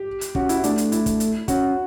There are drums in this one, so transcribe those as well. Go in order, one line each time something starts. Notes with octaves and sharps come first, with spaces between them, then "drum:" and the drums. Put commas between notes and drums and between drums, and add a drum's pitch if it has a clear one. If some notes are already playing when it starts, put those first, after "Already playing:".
Already playing: G4
drum: hi-hat
C#4 F#4, drum: kick
E4, drum: hi-hat
A3 D4, drum: hi-hat
drum: hi-hat
E4, drum: hi-hat
drum: kick, hi-hat
drum: hi-hat
C#4 F#4, drum: kick, hi-hat